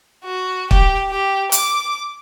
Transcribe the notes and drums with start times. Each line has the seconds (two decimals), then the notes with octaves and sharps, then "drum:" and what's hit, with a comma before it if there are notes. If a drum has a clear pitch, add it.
0.24 F#4
0.71 G4, drum: kick
1.10 G4
1.52 D6, drum: hi-hat